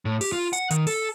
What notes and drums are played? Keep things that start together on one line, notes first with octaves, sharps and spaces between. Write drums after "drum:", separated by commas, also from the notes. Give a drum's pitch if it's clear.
A2
G4, drum: open hi-hat
F4
F#5, drum: hi-hat
D#3, drum: hi-hat
A4, drum: open hi-hat